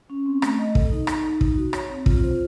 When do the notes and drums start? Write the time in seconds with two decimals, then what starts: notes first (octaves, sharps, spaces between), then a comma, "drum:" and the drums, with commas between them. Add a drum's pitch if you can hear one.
0.10 C#4
0.26 C4
0.42 A3, drum: rim click
0.59 D#5
0.75 A4, drum: kick
0.91 D#4
1.07 D#4, drum: rim click
1.24 D#4
1.41 D#4, drum: kick
1.57 F#4
1.73 C#5, drum: rim click
1.89 C4
2.06 F4, drum: kick
2.22 C5